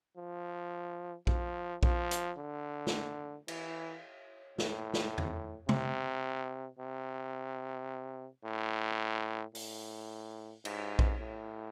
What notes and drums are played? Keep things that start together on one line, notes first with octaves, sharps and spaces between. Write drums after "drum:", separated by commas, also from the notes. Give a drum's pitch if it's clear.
F3
F3, drum: kick A#1
F3, drum: kick A#1
drum: hi-hat
D3
drum: snare
E3, drum: cymbal
A2, drum: snare
drum: snare
drum: tom E2
C3, drum: tom C3
C3
A2
A2, drum: open hi-hat
G#2, drum: cymbal
drum: kick A#1
A2